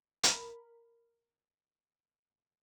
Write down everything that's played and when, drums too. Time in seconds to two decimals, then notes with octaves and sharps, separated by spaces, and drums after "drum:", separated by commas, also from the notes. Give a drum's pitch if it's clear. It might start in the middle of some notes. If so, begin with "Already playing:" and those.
0.23 A#4 B5, drum: hi-hat